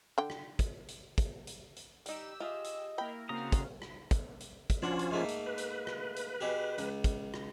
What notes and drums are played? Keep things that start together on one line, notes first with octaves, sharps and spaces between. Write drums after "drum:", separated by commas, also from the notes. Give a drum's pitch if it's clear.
D3 G5
drum: rim click
drum: kick, hi-hat
drum: hi-hat
drum: kick, hi-hat
drum: hi-hat
drum: hi-hat
G3 D#4 G4 E6, drum: hi-hat
F4 G#4 D#5 E5
drum: hi-hat
A#3 E4 A#4 G5 B5
C#3 A#3 C4 F#4 F5 A#5 D#6
drum: kick, hi-hat
drum: rim click
drum: kick, hi-hat
drum: hi-hat
drum: kick, hi-hat
F3 C#4 D4 F4 F#4
drum: hi-hat
G#2 A3 A#3
drum: hi-hat
B4
drum: hi-hat
drum: rim click
drum: hi-hat
B2 G4 G#4
C#2, drum: hi-hat
drum: kick, hi-hat
drum: rim click